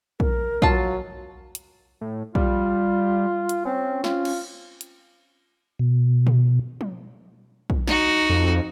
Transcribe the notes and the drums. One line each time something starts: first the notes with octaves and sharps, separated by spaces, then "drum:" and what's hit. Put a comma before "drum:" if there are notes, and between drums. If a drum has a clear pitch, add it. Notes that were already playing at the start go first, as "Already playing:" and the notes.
A#4, drum: kick
F#3 F4 A5, drum: kick
drum: hi-hat
A2
G3 F4, drum: kick
drum: hi-hat
C4 C#4
F4, drum: snare
drum: cymbal
drum: hi-hat
B2
drum: tom
drum: tom
drum: kick
D#4 F#4, drum: snare
F2